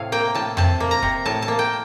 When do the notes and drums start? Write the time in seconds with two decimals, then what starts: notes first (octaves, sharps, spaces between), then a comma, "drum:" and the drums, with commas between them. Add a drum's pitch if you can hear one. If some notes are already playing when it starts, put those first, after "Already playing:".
Already playing: A2 C3 F5
0.12 A#3 G5
0.35 A2 A5
0.57 C3 A5, drum: tom F2
0.80 A#3
0.91 A#5
1.02 C3, drum: kick
1.26 A2 A5
1.42 A5
1.48 A#3
1.59 G5